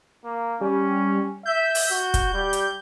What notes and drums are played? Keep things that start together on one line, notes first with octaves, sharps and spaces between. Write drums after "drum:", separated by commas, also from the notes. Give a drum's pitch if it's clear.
A#3
G3 C#4
E5 G6
drum: open hi-hat
F#4
drum: kick, hi-hat
G3
drum: hi-hat